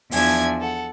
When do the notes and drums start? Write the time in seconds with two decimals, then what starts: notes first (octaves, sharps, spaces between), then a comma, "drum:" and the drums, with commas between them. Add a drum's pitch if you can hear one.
0.11 E2 F3 D4 E5 G#5 G#6, drum: open hi-hat
0.60 A4 F#5